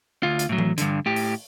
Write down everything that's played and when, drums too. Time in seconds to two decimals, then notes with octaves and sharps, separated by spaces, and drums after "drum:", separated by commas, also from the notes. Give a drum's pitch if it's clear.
0.23 D2 F4
0.39 drum: hi-hat
0.49 A2 F#3
0.58 drum: tom E3
0.78 G2 D3, drum: hi-hat
1.06 A2 G4
1.16 drum: open hi-hat